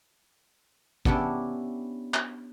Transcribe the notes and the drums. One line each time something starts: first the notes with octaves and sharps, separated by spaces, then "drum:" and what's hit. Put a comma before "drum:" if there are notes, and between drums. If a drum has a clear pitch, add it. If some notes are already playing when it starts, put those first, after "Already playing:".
B3 C#4 D4 E4 G4, drum: kick G#1
drum: clap